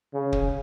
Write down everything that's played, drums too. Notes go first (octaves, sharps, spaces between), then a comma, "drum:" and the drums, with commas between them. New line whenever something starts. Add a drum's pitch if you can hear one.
C#3
drum: kick